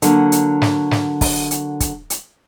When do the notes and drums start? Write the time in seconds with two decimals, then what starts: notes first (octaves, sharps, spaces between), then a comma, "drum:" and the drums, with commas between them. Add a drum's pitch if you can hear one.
0.02 D3 F#3 A#3, drum: hi-hat
0.32 drum: hi-hat
0.62 drum: snare
0.91 drum: snare
1.21 drum: kick, open hi-hat
1.51 drum: hi-hat
1.80 drum: kick, hi-hat
2.10 drum: hi-hat